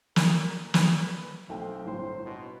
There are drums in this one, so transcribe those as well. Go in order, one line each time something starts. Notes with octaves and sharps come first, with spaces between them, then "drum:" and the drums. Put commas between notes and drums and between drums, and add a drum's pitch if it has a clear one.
A#4, drum: snare
B4, drum: snare
B1 A3 C4 G5
G1 A2 C5 C6
B2